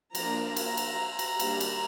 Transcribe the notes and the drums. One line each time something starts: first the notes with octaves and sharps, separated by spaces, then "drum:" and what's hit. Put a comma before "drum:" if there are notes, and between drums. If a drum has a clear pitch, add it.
F3 A#3 D4 A#5, drum: cymbal
A#5
drum: cymbal
drum: cymbal
drum: cymbal
D#3 G3 A#3 D4, drum: cymbal
drum: cymbal